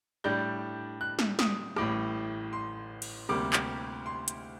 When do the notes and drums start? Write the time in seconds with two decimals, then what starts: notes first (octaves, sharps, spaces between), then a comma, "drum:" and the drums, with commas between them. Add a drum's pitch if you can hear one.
0.24 A2 G3 D4 G6
1.01 F#6
1.19 drum: snare
1.39 D#6, drum: snare
1.76 A1 A2 G3 D6, drum: rim click
2.53 C6
3.02 drum: cymbal
3.29 D2 C3 G3 A#3 D6
3.53 drum: clap
4.06 C6
4.28 drum: hi-hat